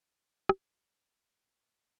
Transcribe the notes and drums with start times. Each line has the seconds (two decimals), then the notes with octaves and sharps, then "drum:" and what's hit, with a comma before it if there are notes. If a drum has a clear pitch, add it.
0.49 drum: rim click
1.36 D2 A2 A#3 D#4